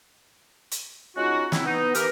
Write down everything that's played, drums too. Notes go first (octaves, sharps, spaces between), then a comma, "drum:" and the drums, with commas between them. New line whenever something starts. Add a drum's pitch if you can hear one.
drum: hi-hat
G#3 C#4 D#4 F4 F#4
F#3 C4 E4, drum: snare
B3 D#4
E3 G4 A#4, drum: hi-hat